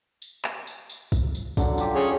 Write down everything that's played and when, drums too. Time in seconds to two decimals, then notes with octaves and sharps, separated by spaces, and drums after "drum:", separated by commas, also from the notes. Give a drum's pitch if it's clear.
0.22 drum: tambourine
0.44 drum: clap
0.67 drum: tambourine
0.90 drum: tambourine
1.12 drum: kick, tambourine
1.35 drum: tambourine
1.57 D3 F#3 F#5, drum: kick, tambourine
1.78 F4 G4, drum: tambourine
1.95 C#4 G#4 C#5